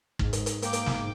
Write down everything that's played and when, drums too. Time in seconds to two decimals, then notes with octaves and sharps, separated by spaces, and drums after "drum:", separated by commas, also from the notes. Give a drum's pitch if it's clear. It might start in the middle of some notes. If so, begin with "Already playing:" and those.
0.19 G#2, drum: kick
0.33 drum: hi-hat
0.46 drum: hi-hat
0.62 A#3 G5 D6, drum: hi-hat
0.73 drum: hi-hat
0.86 drum: snare